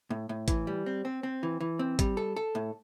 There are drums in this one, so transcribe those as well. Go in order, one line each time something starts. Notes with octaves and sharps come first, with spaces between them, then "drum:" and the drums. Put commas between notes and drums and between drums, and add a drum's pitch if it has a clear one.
A2
A2
E3, drum: kick, hi-hat
G3
C4
C4
C4
E3
E3
C4
G3, drum: kick, hi-hat
A4
A4
A2